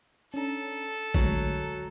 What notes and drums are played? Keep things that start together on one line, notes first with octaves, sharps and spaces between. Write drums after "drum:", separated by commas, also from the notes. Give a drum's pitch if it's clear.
C#4 D4 A4 A#5
D3 F#3 G#3 A3, drum: kick A#1